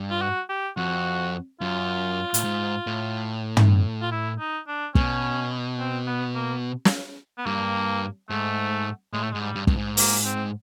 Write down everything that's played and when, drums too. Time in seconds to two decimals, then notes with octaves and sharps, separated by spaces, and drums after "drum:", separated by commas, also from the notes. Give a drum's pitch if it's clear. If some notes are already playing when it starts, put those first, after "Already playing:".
Already playing: G2
0.10 F4
0.22 F#4
0.49 G4
0.77 F2 F#4
1.61 F#2 F4
2.34 A2, drum: hi-hat
2.44 G#2
2.87 A2
3.57 drum: tom
4.02 F4
4.12 E4
4.40 D#4
4.68 D4
4.95 B2 C#4, drum: kick
5.79 C4
6.07 B3
6.35 A#3
6.85 drum: snare
7.38 B3
7.46 G2 A#3
8.30 G#2 A3
9.13 A2 G#3
9.23 A3
9.32 G#2 G#3
9.41 G3
9.55 G2
9.67 G2, drum: kick
9.76 G#2
9.97 A#3, drum: open hi-hat
10.25 C4